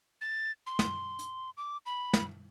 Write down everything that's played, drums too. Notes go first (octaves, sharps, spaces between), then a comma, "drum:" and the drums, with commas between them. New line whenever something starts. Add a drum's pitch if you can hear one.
A6
C6
drum: snare
drum: hi-hat
D6
B5
drum: snare